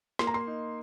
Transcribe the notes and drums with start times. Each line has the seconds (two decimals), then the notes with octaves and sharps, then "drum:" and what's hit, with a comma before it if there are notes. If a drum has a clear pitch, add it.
0.19 A#3 C6, drum: snare
0.27 A#5
0.34 C6
0.47 D#4